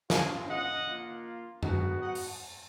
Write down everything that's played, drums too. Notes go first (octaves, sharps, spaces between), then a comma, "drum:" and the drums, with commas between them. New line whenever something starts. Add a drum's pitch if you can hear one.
G#3 B3 F4 F5 G#5, drum: snare
D#5 F#5
A#3 F4
B3 D#4 F#4, drum: tom F#2
D#5 F#5
drum: open hi-hat